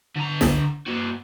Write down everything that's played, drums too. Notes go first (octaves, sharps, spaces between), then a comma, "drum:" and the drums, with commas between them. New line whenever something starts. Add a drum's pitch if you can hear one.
D3 A#5
drum: snare
A#3 F#4